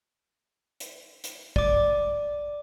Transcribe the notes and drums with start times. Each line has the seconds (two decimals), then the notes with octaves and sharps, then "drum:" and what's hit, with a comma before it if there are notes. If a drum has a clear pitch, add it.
0.80 drum: hi-hat
1.24 drum: hi-hat
1.56 D5 D6, drum: kick